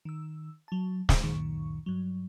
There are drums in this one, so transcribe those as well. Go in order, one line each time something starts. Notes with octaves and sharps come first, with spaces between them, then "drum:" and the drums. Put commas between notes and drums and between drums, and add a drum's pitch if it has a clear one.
D#3 E6
F#3 A5
drum: snare
C#2 F#2 A#2 D#3 C#6
G2 F#3